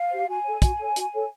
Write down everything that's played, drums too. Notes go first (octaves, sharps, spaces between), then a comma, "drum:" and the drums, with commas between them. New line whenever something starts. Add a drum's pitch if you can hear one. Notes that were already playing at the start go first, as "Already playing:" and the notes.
Already playing: F5
G4 C5
F#4 G#5
A4 C#5
F#4, drum: kick, hi-hat
A4 C#5
F#4, drum: hi-hat
A4 C#5